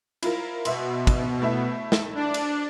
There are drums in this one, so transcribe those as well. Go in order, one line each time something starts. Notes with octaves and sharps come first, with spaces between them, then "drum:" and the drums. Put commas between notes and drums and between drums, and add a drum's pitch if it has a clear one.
E4 F4 A#4, drum: cymbal
B2 E5 C6, drum: cymbal
drum: kick, cymbal
A3 E4 E5
drum: snare
D4
drum: cymbal